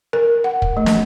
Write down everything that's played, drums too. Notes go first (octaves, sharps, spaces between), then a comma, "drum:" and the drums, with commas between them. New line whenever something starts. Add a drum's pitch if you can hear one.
A#4
F#5
drum: kick
A3
drum: snare